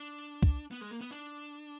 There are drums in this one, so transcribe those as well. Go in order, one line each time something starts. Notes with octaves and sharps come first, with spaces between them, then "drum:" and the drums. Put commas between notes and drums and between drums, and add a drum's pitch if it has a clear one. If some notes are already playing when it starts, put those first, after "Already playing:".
Already playing: D4
drum: kick
B3
G#3
A#3
B3
D4